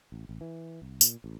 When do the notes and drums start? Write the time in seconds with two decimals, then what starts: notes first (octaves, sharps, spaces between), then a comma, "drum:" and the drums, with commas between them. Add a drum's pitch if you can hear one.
0.12 A1
0.29 A1
0.41 E3
0.82 C2
1.01 A#2, drum: tambourine
1.24 A1